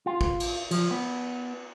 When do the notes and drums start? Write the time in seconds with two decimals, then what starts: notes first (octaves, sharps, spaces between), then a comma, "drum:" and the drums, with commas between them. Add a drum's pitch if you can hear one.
0.06 F4
0.21 drum: kick
0.40 drum: cymbal
0.71 F3, drum: cymbal
0.91 B3